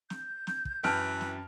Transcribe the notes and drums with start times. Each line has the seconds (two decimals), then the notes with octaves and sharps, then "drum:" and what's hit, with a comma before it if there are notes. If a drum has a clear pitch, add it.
0.10 G6, drum: snare
0.47 drum: snare
0.65 drum: kick
0.84 F#2 E3 B4 G5 A5 F6 D7, drum: snare
1.21 drum: snare